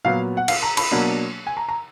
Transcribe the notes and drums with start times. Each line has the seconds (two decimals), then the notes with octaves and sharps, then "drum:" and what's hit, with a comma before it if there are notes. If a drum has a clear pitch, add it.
0.05 A#2 F#3 B3 F5
0.37 F#5
0.48 F5, drum: cymbal
0.63 A#5
0.77 B5, drum: cymbal
0.91 B2 F#3 A#3 D4
1.47 G#5
1.57 A#5
1.68 A#5